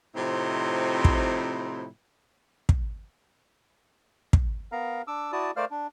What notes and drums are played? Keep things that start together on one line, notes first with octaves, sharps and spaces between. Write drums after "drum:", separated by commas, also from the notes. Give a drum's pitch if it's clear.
A2 C3 F3 C4 D#4 E4
drum: kick
drum: kick
drum: kick
B3 A#4 F5 A#5
D4 D6 E6
E4 F#4 D5 A5 D#6
A3 A#4 C5 D5 F5 F6
D4